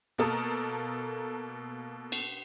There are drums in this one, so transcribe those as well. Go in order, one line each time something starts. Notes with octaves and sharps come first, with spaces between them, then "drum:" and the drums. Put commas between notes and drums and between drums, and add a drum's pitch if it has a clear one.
B2 A#3 A4 A#4 D#6
drum: cymbal